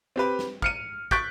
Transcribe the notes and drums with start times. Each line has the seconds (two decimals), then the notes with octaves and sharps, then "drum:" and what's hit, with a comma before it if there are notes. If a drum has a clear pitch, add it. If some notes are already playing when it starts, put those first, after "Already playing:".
0.16 C4 G4 B4
0.39 drum: snare
0.62 F6 C#7 D#7, drum: kick
1.11 C#6 F#6 G6 A6 B6 D7, drum: kick